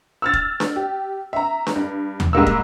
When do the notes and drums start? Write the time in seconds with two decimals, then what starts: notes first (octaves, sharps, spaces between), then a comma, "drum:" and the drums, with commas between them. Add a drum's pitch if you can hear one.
0.22 E6 F6 A6
0.33 drum: kick
0.60 drum: snare D4
0.76 G4
1.33 E5 A#5
1.67 drum: snare D4
1.76 G2
2.20 drum: tom D#2
2.33 G#2 G3 A#3 E6
2.46 drum: kick